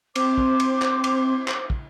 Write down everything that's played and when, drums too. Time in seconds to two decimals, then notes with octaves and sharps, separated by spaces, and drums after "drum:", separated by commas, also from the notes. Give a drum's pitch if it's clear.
0.16 C4 C5 D6, drum: cymbal
0.38 drum: kick
0.60 drum: cymbal
0.82 drum: clap
1.04 drum: cymbal
1.48 drum: clap
1.70 drum: kick